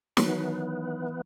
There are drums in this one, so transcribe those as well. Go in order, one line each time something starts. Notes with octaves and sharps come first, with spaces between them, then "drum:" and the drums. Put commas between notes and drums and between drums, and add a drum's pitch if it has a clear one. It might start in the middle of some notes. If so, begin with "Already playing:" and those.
D#3 E3 F#3 B3, drum: snare